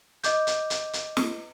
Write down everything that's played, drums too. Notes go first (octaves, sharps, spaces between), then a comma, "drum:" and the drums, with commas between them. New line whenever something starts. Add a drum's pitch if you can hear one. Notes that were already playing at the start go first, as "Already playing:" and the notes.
D#5 D6 G6, drum: hi-hat
drum: hi-hat
drum: hi-hat
drum: hi-hat
drum: snare